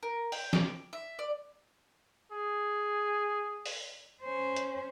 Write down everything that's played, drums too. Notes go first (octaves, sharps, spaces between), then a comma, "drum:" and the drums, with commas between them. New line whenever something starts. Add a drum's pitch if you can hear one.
A#4
G5, drum: open hi-hat
D6, drum: snare
E5
D5
G#4
drum: open hi-hat
C#4 C5
drum: hi-hat